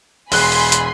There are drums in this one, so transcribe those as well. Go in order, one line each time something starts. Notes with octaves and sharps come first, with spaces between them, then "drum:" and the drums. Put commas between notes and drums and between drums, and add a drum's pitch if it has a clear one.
E1 G#5 B5 C6 F#6, drum: open hi-hat
drum: open hi-hat
drum: hi-hat